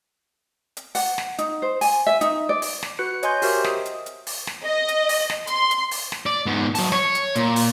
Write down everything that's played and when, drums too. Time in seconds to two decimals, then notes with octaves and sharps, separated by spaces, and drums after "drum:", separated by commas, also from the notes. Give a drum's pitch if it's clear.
0.77 drum: hi-hat
0.95 F#5, drum: open hi-hat
1.18 drum: snare
1.38 D#4, drum: hi-hat
1.62 C5
1.81 G#5, drum: open hi-hat
2.07 E5
2.21 D#4, drum: hi-hat
2.49 D5
2.62 drum: open hi-hat
2.83 drum: snare
2.99 F#4 B4 F#6 C#7
3.23 C#5 D#5 G#5 C6 G6, drum: hi-hat
3.42 F#4 G4 A#4 C5 D#5 E5, drum: open hi-hat
3.64 D#6, drum: snare
3.85 drum: hi-hat
4.06 drum: hi-hat
4.27 drum: open hi-hat
4.47 drum: snare
4.64 D#5
4.88 drum: hi-hat
5.09 drum: open hi-hat
5.30 drum: snare
5.47 C6, drum: hi-hat
5.71 drum: hi-hat
5.91 drum: open hi-hat
6.12 drum: snare
6.26 D5
6.46 G#2 B3
6.75 F#3 A5, drum: open hi-hat
6.92 C#5, drum: snare
7.15 drum: hi-hat
7.35 A#2, drum: hi-hat
7.56 drum: open hi-hat